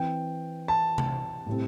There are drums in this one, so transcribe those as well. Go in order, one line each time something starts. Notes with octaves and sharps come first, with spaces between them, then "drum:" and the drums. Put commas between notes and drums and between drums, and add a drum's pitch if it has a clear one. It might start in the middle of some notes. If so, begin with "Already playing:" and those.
Already playing: E3 C4 G5
A5
drum: tom C3
A2 G3 C4